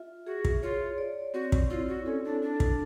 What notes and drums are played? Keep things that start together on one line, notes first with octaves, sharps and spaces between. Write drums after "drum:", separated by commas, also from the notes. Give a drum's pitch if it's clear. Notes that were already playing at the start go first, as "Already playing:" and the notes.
Already playing: F4 E5
F#4 G#4
drum: kick
F4 C#5
D5
C4 F#4
drum: kick
E4 F4
F#4
C#4 A4
D4
D4 F4
drum: kick